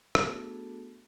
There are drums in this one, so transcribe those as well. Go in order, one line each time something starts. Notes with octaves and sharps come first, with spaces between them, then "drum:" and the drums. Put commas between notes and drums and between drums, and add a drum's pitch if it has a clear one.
A3 B3 D4 F#4 G#4 A4, drum: rim click